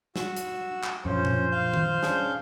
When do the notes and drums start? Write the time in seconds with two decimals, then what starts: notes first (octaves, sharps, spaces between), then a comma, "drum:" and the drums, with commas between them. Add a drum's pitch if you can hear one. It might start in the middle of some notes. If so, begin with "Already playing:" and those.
0.16 F#4 E6, drum: snare
0.36 drum: hi-hat
0.84 drum: clap
1.05 A#1 F#2 C#4 F4 C5
1.25 drum: tom A#2
1.52 F5 G6
1.74 drum: tom D#3
2.03 C#4 D4 G#4, drum: snare